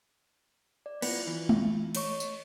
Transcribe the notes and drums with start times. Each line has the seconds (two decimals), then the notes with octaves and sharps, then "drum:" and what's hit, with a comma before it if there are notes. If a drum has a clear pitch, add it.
0.86 D5
1.02 B3 E4 F4 C#7, drum: cymbal
1.27 E3
1.49 drum: tom G#3
1.95 A3 C#5 C#6, drum: cymbal
2.20 drum: tambourine